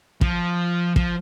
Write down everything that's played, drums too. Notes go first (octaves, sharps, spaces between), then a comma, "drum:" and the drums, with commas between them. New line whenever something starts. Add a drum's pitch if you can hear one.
F3, drum: kick
F3, drum: kick